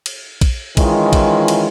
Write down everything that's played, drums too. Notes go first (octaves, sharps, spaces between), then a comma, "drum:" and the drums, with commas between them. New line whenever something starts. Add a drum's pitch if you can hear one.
drum: cymbal
drum: kick, cymbal
D#3 E3 G#3 C#4 E4 F4, drum: kick, cymbal
drum: kick, cymbal
drum: cymbal